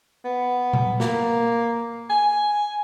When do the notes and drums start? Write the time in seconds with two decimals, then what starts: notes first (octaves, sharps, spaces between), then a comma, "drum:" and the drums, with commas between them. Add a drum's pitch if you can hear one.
0.24 B3
0.73 drum: tom A#2
1.00 A#3, drum: snare
2.09 G#5